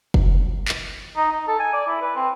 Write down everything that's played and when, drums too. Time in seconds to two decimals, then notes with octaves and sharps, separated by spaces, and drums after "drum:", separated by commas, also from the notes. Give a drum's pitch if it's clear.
0.14 drum: kick
0.68 drum: clap
1.17 D#4
1.32 D#4
1.48 A4
1.59 G#5
1.73 D5
1.87 E4
2.01 B4
2.16 C4